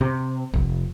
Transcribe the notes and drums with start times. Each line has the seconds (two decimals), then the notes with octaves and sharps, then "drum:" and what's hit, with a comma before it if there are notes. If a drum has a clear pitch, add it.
0.01 C3
0.54 F1, drum: kick